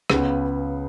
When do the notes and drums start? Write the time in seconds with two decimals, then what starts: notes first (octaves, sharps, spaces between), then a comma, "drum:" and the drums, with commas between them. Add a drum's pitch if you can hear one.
0.10 C#2 C#3 B3, drum: rim click